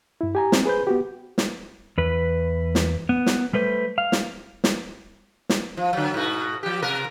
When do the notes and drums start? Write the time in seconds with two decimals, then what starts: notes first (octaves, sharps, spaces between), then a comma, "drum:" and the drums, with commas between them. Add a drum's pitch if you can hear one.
0.21 G2 E4
0.35 G4 G#5 A#5
0.52 C4, drum: snare
0.65 G#4 B4 C5 G6
0.87 B3 F#4 G4
1.38 drum: snare
1.98 E2 B4
2.75 drum: snare
3.09 B3
3.26 drum: snare
3.53 G3 A3 B4 C5
3.98 F5
4.12 drum: snare
4.64 drum: snare
5.49 drum: snare
5.77 F3
5.93 D3 F#3
6.14 G#2 B2 F#4
6.63 F3 G4
6.82 C3 A#4